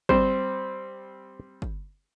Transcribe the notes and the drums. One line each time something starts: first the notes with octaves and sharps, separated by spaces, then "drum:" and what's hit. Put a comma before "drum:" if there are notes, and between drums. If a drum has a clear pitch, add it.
G3 C4 C5, drum: kick
drum: kick